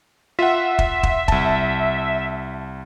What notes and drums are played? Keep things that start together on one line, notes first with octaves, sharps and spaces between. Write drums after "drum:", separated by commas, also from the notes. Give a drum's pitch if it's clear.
F4 E5 F#5
drum: kick
drum: kick
C2 A5, drum: kick